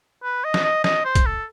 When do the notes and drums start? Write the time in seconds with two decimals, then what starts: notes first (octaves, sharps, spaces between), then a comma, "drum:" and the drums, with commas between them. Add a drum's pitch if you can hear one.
0.24 B4
0.44 D#5
0.54 drum: snare
0.64 D#5
0.84 D#5, drum: snare
1.05 C5
1.15 drum: kick, hi-hat
1.26 A4